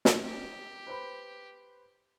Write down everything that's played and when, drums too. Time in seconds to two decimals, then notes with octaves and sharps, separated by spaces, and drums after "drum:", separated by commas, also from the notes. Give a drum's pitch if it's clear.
0.05 drum: snare
0.22 G4
0.87 B4 C5 B5